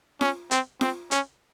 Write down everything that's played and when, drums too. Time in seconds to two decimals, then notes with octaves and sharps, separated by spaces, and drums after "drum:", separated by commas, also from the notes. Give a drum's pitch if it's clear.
0.21 C#4, drum: snare
0.51 C4, drum: hi-hat
0.81 C4, drum: snare
1.11 C#4, drum: hi-hat